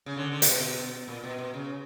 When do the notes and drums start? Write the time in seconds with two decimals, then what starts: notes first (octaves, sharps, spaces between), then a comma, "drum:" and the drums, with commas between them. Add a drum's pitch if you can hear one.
0.06 C#3
0.17 D3
0.32 D3
0.42 A#2, drum: hi-hat
0.48 B2
1.08 A#2
1.24 B2
1.39 B2
1.54 C#3